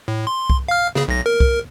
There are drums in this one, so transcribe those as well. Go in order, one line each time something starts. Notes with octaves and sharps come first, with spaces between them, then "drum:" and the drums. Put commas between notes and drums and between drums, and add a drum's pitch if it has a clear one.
A2
C6
drum: kick C2
F5 F6
C#3 G#4, drum: snare
B1 A#6
A#4
drum: kick C2